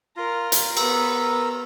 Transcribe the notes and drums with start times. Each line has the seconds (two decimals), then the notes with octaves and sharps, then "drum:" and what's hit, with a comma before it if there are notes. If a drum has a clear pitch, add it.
0.17 F4 A#4
0.52 drum: hi-hat
0.77 B3 A#4 B4 E6, drum: cymbal